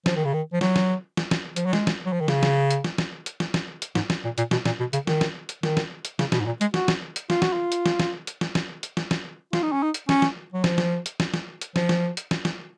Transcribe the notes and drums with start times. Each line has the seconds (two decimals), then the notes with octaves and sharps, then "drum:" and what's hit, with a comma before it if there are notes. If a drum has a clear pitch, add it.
0.06 F3, drum: snare
0.16 D#3
0.25 C#3
0.33 D#3
0.53 F3
0.61 F#3, drum: snare
0.76 drum: snare
1.17 drum: snare
1.31 drum: snare
1.56 F3, drum: hi-hat
1.66 F#3
1.73 G#3, drum: snare
1.87 drum: snare
2.06 F#3
2.13 F3
2.21 D#3
2.28 C#3, drum: snare
2.43 drum: snare
2.71 drum: hi-hat
2.84 drum: snare
2.98 drum: snare
3.26 drum: hi-hat
3.40 drum: snare
3.54 drum: snare
3.82 drum: hi-hat
3.95 G#2, drum: snare
4.10 drum: snare
4.24 A#2
4.38 A#2, drum: hi-hat
4.51 B2, drum: snare
4.65 A#2, drum: snare
4.80 B2
4.93 C#3, drum: hi-hat
5.07 D#3, drum: snare
5.21 drum: snare
5.49 drum: hi-hat
5.63 D#3, drum: snare
5.77 drum: snare
6.05 drum: hi-hat
6.19 C#3, drum: snare
6.32 B2, drum: snare
6.40 G#2
6.46 A#2
6.61 G#3, drum: hi-hat
6.74 F#4, drum: snare
6.88 drum: snare
7.16 drum: hi-hat
7.30 F4, drum: snare
7.42 F#4, drum: snare
7.53 F4
7.72 drum: hi-hat
7.86 drum: snare
8.00 drum: snare
8.27 drum: hi-hat
8.41 drum: snare
8.55 drum: snare
8.83 drum: hi-hat
8.97 drum: snare
9.11 drum: snare
9.53 F4, drum: snare
9.63 D#4
9.72 C#4
9.83 D#4
9.94 drum: hi-hat
10.09 C#4, drum: snare
10.22 drum: snare
10.53 F#3
10.64 F3, drum: snare
10.78 drum: snare
11.06 drum: hi-hat
11.20 drum: snare
11.34 drum: snare
11.61 drum: hi-hat
11.76 F3, drum: snare
11.89 drum: snare
12.17 drum: hi-hat
12.31 drum: snare
12.45 drum: snare